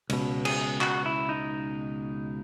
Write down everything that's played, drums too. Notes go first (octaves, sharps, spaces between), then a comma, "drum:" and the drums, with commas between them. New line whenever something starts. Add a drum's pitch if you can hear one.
C#2 B2, drum: cymbal
G#4, drum: cymbal
F#4, drum: clap
E4
D#4